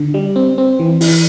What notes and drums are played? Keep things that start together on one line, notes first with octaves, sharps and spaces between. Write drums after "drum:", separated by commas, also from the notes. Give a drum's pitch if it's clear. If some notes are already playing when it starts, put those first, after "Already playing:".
Already playing: D3
G3
C4
C4
E3
E3, drum: open hi-hat